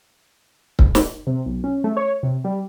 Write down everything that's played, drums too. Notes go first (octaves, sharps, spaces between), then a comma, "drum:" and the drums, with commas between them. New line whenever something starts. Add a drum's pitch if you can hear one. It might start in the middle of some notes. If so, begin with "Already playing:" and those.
drum: kick C#1
drum: snare
C3
B1
C#4
A3
C#5
C3
G3